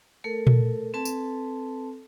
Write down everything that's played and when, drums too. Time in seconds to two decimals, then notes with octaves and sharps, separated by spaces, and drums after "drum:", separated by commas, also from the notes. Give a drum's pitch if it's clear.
0.24 A3 A4 A#4
0.47 drum: tom A#2
0.94 C4 A4 B4 A5
1.05 drum: tambourine